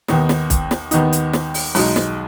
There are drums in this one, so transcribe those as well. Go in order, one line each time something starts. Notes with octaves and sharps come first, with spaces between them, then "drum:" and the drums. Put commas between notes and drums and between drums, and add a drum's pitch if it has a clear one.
D#2 D#3 B3 D#4, drum: snare
drum: snare
drum: kick, hi-hat
drum: snare
D#2 D#3 B3 D#4, drum: hi-hat
drum: hi-hat
drum: snare
drum: open hi-hat
B1 B2 G#3 D#4, drum: open hi-hat
drum: snare